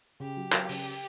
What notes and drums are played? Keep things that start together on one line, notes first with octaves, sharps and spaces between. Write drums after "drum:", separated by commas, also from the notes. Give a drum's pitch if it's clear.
C#3 G4
F#3
F#3, drum: clap
C#3, drum: open hi-hat